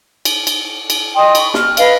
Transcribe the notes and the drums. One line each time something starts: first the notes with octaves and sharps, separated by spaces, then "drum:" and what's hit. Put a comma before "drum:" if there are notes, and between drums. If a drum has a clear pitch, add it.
drum: cymbal
drum: cymbal
drum: cymbal
D#5 G5 C6 D#6
B5 C#6, drum: cymbal
F6, drum: snare
B4 D#5 F5, drum: cymbal